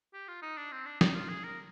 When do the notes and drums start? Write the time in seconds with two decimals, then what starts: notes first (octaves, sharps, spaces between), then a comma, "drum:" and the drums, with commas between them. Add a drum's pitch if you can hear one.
0.14 G4
0.28 F4
0.42 D#4
0.57 D4
0.72 C4
0.86 D4
1.01 D#4, drum: snare
1.15 F4
1.29 G#4
1.43 A#4